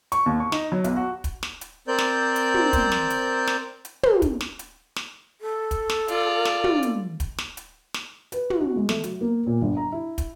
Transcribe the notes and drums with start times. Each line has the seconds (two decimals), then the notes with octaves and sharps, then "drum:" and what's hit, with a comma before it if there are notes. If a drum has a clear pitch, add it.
0.12 C#6, drum: hi-hat
0.26 D#2
0.40 C#6
0.52 D#4, drum: snare
0.72 F#3
0.84 B1, drum: hi-hat
0.96 F#4
1.24 drum: kick, hi-hat
1.43 drum: snare
1.61 drum: hi-hat
1.88 C4 A#4 C5 D5 G6
1.99 drum: snare
2.36 drum: hi-hat
2.54 drum: tom
2.73 drum: kick, hi-hat
2.92 drum: snare
3.10 drum: hi-hat
3.47 drum: snare
3.85 drum: hi-hat
4.03 drum: tom
4.22 drum: kick, hi-hat
4.41 drum: snare
4.59 drum: hi-hat
4.96 drum: snare
5.41 A4
5.71 drum: kick, hi-hat
5.90 drum: snare
6.08 F4 D5, drum: hi-hat
6.45 drum: snare
6.64 drum: tom
6.83 drum: hi-hat
7.20 drum: kick, hi-hat
7.38 drum: snare
7.57 drum: hi-hat
7.94 drum: snare
8.32 B4, drum: hi-hat
8.50 drum: tom
8.61 F#4
8.76 G#3
8.89 A3, drum: snare
9.04 F#3, drum: hi-hat
9.21 A#3
9.46 A#2
9.62 G1
9.77 A#5
9.92 E4
10.18 drum: kick, hi-hat